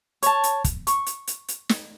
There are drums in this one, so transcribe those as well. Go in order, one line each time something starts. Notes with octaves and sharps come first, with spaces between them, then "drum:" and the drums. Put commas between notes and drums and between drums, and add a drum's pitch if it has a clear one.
C#5 A5, drum: hi-hat
drum: hi-hat
drum: kick, hi-hat
C#6, drum: hi-hat
drum: hi-hat
drum: hi-hat
drum: hi-hat
drum: snare